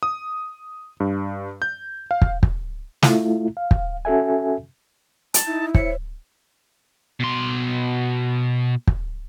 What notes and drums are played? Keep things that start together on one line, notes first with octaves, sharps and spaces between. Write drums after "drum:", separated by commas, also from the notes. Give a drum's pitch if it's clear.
D#6
G2
G6
F5
drum: kick
drum: kick
A3 E4 F4, drum: snare
F5
drum: kick
C#4 F#4 A4 E5 G#5
A5, drum: hi-hat
D#4 E4
C5 C#5 E5 C#7, drum: kick
B2 C6
drum: kick